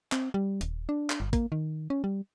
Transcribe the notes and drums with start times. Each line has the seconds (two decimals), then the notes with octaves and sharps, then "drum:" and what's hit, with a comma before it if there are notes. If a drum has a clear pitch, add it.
0.12 C4, drum: clap
0.34 G3
0.61 D#1, drum: hi-hat
0.89 D4
1.10 drum: clap
1.20 G1
1.33 A#3, drum: kick, hi-hat
1.52 D#3
1.90 C#4
2.04 G3